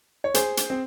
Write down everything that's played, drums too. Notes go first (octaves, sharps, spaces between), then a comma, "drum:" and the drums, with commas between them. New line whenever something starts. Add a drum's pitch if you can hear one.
C#5
G#4 C5, drum: hi-hat
drum: hi-hat
C4